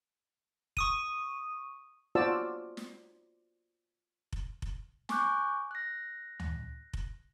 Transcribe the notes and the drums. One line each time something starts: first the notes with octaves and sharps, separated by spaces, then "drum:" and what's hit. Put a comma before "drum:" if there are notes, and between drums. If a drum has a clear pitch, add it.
C#6 D#6 D#7, drum: kick F1
F4 F#4 C5 D5 A5 E6
drum: snare
drum: kick F1
drum: kick F1
G#5 C#6 D6 F#6 G6, drum: snare
F#6 A#6
drum: tom D2
drum: kick F1